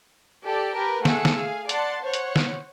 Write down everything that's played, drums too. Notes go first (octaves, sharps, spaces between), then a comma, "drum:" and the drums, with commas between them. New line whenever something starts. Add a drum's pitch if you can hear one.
G4 A4 D5 G5 A5
G4 A#4 B4
A3 G#4 F#5 E6 C#7, drum: snare
drum: snare
G#4 F5
D5 F#5 A5 C6 A6, drum: hi-hat
C5 C#5 F#5
drum: hi-hat
drum: snare